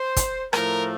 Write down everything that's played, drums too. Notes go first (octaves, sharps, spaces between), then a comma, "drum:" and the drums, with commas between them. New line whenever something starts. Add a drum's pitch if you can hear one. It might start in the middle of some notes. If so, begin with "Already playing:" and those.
Already playing: C5
drum: kick, hi-hat
A2 F3 A3 A#4, drum: rim click